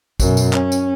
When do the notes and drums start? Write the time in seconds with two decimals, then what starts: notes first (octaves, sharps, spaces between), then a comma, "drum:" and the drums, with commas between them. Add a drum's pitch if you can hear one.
0.20 F#2 B2, drum: kick, tambourine
0.37 drum: tambourine
0.53 C#4, drum: clap
0.72 drum: tambourine